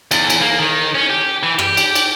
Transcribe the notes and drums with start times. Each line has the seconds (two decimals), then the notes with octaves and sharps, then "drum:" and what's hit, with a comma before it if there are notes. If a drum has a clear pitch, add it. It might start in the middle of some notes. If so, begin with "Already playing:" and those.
0.11 E2, drum: cymbal
0.30 drum: cymbal
0.41 A#3
0.59 D#3
0.95 C#4
1.10 G4
1.43 E3
1.59 G4, drum: rim click
1.77 G4, drum: cymbal
1.95 drum: cymbal